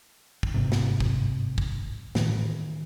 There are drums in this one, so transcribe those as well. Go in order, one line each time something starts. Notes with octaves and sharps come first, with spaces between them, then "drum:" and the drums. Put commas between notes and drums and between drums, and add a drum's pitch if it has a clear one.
drum: kick
G1 G#2 C3
drum: snare
drum: kick
drum: kick
A2 D#3 E3, drum: snare